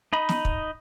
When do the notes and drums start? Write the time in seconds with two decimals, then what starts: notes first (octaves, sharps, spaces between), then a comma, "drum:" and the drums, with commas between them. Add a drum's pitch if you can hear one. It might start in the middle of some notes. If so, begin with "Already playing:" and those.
0.13 D#4 D#5 B5
0.29 drum: snare
0.45 drum: kick